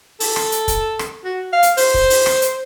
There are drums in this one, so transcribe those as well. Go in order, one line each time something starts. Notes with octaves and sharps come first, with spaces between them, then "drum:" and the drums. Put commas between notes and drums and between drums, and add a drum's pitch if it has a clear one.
A4, drum: open hi-hat
drum: rim click
drum: hi-hat
drum: kick, hi-hat
drum: rim click
F#4
F5
drum: hi-hat
C5, drum: open hi-hat
drum: kick
drum: open hi-hat
drum: rim click
drum: hi-hat